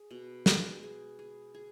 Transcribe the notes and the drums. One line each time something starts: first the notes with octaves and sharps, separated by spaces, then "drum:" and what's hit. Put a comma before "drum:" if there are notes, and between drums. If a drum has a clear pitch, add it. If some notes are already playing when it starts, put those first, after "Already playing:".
Already playing: G#4
B2
G#3, drum: snare
G#4
G#4
G#4